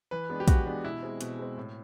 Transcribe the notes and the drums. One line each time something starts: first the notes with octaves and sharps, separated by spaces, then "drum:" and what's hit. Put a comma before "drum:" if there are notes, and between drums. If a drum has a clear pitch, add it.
E3 B4
G#3 B3 D4
G4
E3 F#4, drum: kick, hi-hat
G#3 B3 D4
B2 E4
G#3 C4
B2, drum: hi-hat
G#3 C4
A2